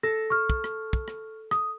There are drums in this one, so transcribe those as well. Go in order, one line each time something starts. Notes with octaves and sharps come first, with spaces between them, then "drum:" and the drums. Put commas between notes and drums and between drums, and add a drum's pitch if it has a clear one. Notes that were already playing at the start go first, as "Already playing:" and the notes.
A4 A#6
C#6 F6
drum: kick
drum: rim click
drum: kick
drum: rim click
D#6, drum: rim click